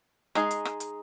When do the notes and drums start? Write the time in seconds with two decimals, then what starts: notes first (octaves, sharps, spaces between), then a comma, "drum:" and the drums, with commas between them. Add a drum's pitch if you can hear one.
0.35 G#3 D#4 G#4, drum: rim click
0.51 drum: hi-hat
0.65 drum: rim click
0.80 drum: hi-hat